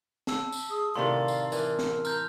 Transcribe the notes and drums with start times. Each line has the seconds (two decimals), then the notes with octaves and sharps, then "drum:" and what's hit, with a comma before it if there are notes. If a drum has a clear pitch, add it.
0.27 A5 E6, drum: snare
0.52 drum: tambourine
0.70 G#4 D#6
0.95 A2 C3 D#3 D5 F5 A#5 C6
1.28 drum: tambourine
1.52 E3 A#4, drum: tambourine
1.79 drum: snare
2.05 A#5 F6 G6, drum: tambourine